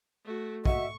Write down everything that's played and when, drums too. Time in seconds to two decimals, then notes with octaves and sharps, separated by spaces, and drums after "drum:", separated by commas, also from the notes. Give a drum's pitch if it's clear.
0.25 A3 F#4
0.66 F#4 D#5 E5 C#6, drum: kick